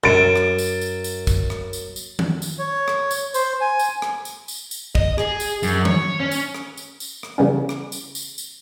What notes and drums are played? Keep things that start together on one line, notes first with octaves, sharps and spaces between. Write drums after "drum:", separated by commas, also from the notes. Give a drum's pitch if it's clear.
F#2 A6 D7
drum: rim click
drum: tambourine
drum: tambourine
drum: tambourine
drum: kick, tambourine
drum: rim click
drum: tambourine
drum: tambourine
drum: tom D#3
drum: tambourine
C#5
drum: rim click
drum: tambourine
C5, drum: tambourine
G#5
drum: tambourine
drum: rim click
drum: tambourine
drum: tambourine
drum: tambourine
D#5, drum: kick
G#4, drum: rim click
drum: tambourine
F#2, drum: tambourine
C#5, drum: tom D#3
C#4
drum: tambourine
drum: rim click
drum: tambourine
drum: tambourine
drum: rim click
C#3 E3 G3 B3 C#4
drum: rim click
drum: tambourine
drum: tambourine
drum: tambourine